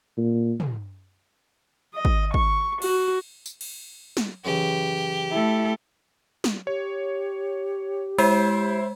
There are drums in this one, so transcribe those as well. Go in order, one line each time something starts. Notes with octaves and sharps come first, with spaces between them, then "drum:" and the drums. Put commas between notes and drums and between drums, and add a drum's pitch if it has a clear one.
A#2
drum: tom
D#5
drum: kick
C#6, drum: kick
F#4, drum: cymbal
drum: tambourine
drum: cymbal
drum: snare
F#2 C#3 E3 G4
A3 E4 A4
drum: snare
G4 C#5
G#3 E4 C5, drum: cymbal